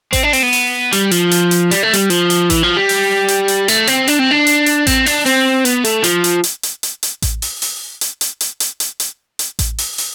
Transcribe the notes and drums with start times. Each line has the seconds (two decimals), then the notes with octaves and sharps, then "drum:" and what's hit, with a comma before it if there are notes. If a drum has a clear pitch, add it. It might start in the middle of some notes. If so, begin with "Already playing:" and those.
0.13 C4, drum: kick A1, hi-hat
0.23 D4
0.33 C4, drum: open hi-hat
0.43 B3
0.53 drum: open hi-hat
0.92 G3, drum: hi-hat
1.11 F3, drum: hi-hat
1.31 drum: hi-hat
1.51 drum: hi-hat
1.71 G3, drum: hi-hat
1.83 A3
1.93 G3, drum: hi-hat
2.10 F3, drum: hi-hat
2.30 drum: hi-hat
2.50 E3, drum: kick A1, hi-hat
2.63 F3
2.76 G3
2.89 drum: open hi-hat
3.28 drum: hi-hat
3.48 drum: hi-hat
3.68 A3, drum: hi-hat
3.87 C4, drum: hi-hat
4.08 D4, drum: hi-hat
4.19 C4
4.31 D4
4.47 drum: hi-hat
4.66 drum: hi-hat
4.87 C4, drum: kick A1, hi-hat
5.06 D4, drum: open hi-hat
5.26 C4, drum: open hi-hat
5.65 B3, drum: hi-hat
5.85 A3, drum: hi-hat
6.04 F3, drum: hi-hat
6.24 drum: hi-hat
6.44 drum: hi-hat
6.63 drum: hi-hat
6.83 drum: hi-hat
7.03 drum: hi-hat
7.22 drum: kick A1, hi-hat
7.42 drum: open hi-hat
7.62 drum: open hi-hat
8.01 drum: hi-hat
8.21 drum: hi-hat
8.41 drum: hi-hat
8.60 drum: hi-hat
8.80 drum: hi-hat
9.00 drum: hi-hat
9.39 drum: hi-hat
9.59 drum: kick A1, hi-hat
9.78 drum: open hi-hat
9.98 drum: open hi-hat